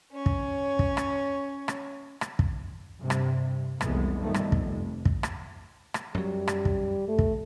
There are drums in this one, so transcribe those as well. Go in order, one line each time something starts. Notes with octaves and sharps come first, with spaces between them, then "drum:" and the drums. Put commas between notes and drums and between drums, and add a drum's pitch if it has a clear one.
C#4 C#5
drum: kick
drum: kick
drum: rim click
drum: rim click
drum: rim click
drum: kick
G2 C3
drum: rim click
F1 C2 E3 G#3 B3, drum: rim click
G2 D#3 F3 G3 A3 B3
drum: rim click
F1, drum: kick
drum: kick
drum: rim click
drum: rim click
F#2 F#3 G3
drum: rim click
drum: kick
A3
drum: kick